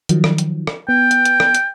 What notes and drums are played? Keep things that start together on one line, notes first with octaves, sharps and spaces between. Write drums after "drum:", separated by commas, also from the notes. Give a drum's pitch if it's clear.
D#3 F3 F#3, drum: hi-hat
drum: rim click
drum: hi-hat
drum: rim click
B3 G5
drum: hi-hat
drum: hi-hat
drum: rim click
drum: hi-hat